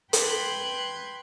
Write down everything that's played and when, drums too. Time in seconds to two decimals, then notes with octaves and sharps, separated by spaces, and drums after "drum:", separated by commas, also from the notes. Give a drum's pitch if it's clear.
0.13 B4 G5 B5 C6 F#6 G#6, drum: hi-hat